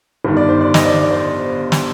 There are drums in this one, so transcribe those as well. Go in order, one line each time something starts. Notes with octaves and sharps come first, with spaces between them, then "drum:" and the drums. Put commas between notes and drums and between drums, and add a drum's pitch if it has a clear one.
G1 G2 D#3
D5
C5
D5
D#5, drum: snare
D5
D5
C5
drum: snare